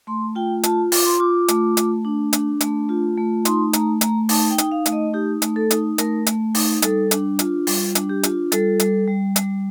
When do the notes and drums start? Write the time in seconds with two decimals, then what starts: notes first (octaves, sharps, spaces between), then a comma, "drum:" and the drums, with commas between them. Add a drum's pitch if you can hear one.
0.07 A3 C6
0.35 F4 G5
0.63 F4 A5, drum: hi-hat
0.92 F4 D6, drum: open hi-hat
1.05 C6
1.19 F4 D6
1.48 A3, drum: hi-hat
1.77 A3, drum: hi-hat
2.05 D4
2.33 D4, drum: hi-hat
2.60 A3, drum: hi-hat
2.89 F4
3.17 A3
3.45 D#4 C6, drum: hi-hat
3.73 A3 A#5, drum: hi-hat
4.01 A3 A#5, drum: hi-hat
4.29 D#4 A5, drum: open hi-hat
4.50 G5
4.58 D#4, drum: hi-hat
4.72 F5
4.86 A3, drum: hi-hat
4.92 D#5
5.14 D#4 G4
5.42 A3, drum: hi-hat
5.56 A4
5.71 D#4, drum: hi-hat
5.98 A3 A#4, drum: hi-hat
6.26 A3, drum: hi-hat
6.55 D#4, drum: open hi-hat
6.82 G3 A4, drum: hi-hat
7.11 D4, drum: hi-hat
7.39 F4, drum: hi-hat
7.67 G3, drum: open hi-hat
7.95 D4, drum: hi-hat
8.10 G4
8.23 F4, drum: hi-hat
8.52 G3 A4, drum: hi-hat
8.80 G3, drum: hi-hat
9.07 G3
9.36 G3, drum: hi-hat